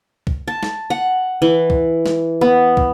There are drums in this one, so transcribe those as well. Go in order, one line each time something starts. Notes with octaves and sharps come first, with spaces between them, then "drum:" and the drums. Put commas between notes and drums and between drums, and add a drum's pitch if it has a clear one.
drum: kick
A5
drum: snare
F#5
E3
drum: kick
drum: snare
B3
drum: kick